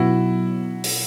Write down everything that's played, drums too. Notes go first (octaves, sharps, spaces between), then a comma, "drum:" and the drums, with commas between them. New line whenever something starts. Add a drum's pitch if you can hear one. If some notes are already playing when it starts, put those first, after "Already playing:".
Already playing: B2 F#3 B3 E4 F#4
drum: open hi-hat